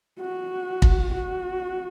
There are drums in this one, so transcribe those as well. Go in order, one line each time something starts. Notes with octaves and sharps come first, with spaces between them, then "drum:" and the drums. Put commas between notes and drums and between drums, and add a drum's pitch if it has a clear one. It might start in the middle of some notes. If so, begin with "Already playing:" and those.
F#4
drum: kick
F#4